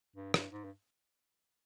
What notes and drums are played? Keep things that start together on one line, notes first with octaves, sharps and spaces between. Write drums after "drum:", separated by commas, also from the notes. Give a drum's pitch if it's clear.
G2
G2, drum: rim click
G#2
G2